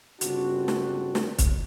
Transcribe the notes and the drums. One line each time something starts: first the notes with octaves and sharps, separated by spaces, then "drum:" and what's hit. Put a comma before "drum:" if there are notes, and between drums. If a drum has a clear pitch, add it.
G1 C#3 C4 D4 F#4, drum: hi-hat
drum: snare
drum: snare
drum: kick, hi-hat